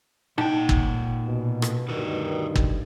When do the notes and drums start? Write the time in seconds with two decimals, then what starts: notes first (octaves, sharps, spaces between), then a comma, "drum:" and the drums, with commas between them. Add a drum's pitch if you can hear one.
0.38 A#2 D#4 F#5 G5 A5
0.69 drum: kick G1
1.26 B2
1.62 drum: rim click
1.89 D2 G2 D#3 F#4 A#4 B4
2.56 drum: kick G1